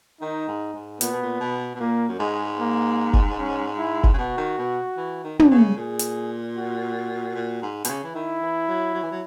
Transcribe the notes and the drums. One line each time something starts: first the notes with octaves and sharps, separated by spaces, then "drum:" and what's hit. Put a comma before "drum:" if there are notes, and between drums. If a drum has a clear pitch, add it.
D#3 D#4
G#2
G#2
A#2 B3, drum: hi-hat
B2
A#2
B2
B2
A#2 A#3
F#2
G#2 G#3
A#3
drum: kick F#1
C#4
E4
drum: kick F#1
C#3
B2 F#4
D#3
B2
E3
D#3
B2, drum: tom
C#3
A#2 G#4
drum: hi-hat
F#4
A#2
G#2
B2, drum: hi-hat
C#3
E3
D#3 E4
E3
F#3
F#3
E3
F#3